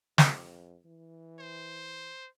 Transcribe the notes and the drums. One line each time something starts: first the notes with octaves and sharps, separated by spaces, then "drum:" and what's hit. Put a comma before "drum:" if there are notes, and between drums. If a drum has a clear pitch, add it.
F2, drum: snare
E3
C5